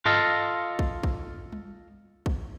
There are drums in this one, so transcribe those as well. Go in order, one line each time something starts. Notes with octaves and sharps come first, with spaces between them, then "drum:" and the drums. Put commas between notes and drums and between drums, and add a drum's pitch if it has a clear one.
F4 A4 D#5 F5, drum: tom G2
drum: kick
drum: kick
drum: tom G3
drum: kick